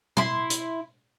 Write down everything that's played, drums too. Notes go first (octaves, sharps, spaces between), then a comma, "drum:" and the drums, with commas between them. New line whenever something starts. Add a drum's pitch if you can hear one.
E4 C6, drum: tom
drum: hi-hat